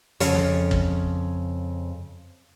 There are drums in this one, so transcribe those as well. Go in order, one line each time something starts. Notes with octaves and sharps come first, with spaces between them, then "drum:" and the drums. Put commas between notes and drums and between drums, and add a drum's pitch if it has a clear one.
F2 C#3 C#5, drum: hi-hat
drum: snare
drum: kick